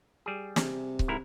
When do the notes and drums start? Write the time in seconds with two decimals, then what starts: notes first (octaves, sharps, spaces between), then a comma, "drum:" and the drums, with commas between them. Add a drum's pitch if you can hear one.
0.26 G3 G#4
0.56 C3, drum: snare
0.99 drum: kick C#1
1.08 G#2 E4 A#4